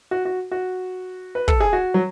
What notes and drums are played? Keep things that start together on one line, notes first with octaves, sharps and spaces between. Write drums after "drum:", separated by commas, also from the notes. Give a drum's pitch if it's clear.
F#4
F#4
F#4
B4
A4, drum: kick
G#4
F#4
F#3